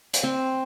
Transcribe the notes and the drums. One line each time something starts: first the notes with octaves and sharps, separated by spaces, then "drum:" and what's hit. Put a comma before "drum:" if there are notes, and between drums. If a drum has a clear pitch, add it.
drum: hi-hat
C4